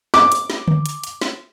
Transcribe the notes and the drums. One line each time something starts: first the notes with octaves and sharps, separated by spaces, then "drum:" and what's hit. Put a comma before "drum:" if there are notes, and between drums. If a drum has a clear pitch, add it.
D6, drum: snare
drum: hi-hat
drum: snare
drum: tom D3
drum: hi-hat
drum: hi-hat
drum: snare